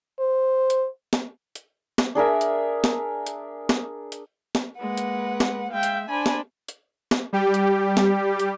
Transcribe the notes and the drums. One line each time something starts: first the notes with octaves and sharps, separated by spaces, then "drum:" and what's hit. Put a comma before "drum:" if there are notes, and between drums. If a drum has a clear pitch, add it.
C5
drum: hi-hat
drum: snare
drum: hi-hat
drum: snare
D4 G#4 A#4 E5
drum: hi-hat
drum: snare
drum: hi-hat
drum: snare
drum: hi-hat
drum: snare
G#3 A#3 B4 F#5
drum: hi-hat
drum: snare
G#3 E5 F5 G5
drum: hi-hat
D4 C5 G#5 B5
drum: snare
drum: hi-hat
drum: snare
G3 G4
drum: hi-hat
drum: snare
drum: hi-hat